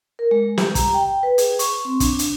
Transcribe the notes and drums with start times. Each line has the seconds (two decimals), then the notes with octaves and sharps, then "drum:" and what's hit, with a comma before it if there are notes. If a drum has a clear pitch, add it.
0.19 A#4
0.31 G#3
0.58 G4, drum: snare
0.75 A#5, drum: kick, hi-hat
0.94 G5
1.23 B4
1.38 G#4, drum: hi-hat
1.59 C#6, drum: hi-hat
1.85 C4
2.00 D4, drum: kick, hi-hat
2.19 drum: hi-hat